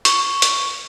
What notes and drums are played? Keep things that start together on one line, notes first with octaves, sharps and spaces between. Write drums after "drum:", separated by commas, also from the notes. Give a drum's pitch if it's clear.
C#6, drum: hi-hat
drum: hi-hat